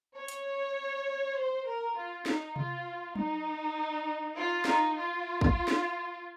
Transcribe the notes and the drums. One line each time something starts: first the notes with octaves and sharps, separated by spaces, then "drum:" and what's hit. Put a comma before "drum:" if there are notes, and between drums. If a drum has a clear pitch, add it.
C#5
drum: hi-hat
C5
A#4
F4
D#4, drum: snare
F4, drum: tom C3
D#4, drum: tom F#3
F4
D#4, drum: snare
F4
drum: kick
drum: snare